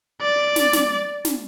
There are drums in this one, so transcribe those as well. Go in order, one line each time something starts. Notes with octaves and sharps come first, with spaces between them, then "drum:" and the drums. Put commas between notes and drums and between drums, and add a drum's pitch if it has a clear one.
D5
drum: snare
drum: snare
drum: snare